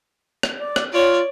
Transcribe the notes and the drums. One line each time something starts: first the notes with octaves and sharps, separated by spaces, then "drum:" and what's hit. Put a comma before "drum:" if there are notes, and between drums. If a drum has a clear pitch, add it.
drum: rim click
D5
drum: rim click
F4 C#5 D5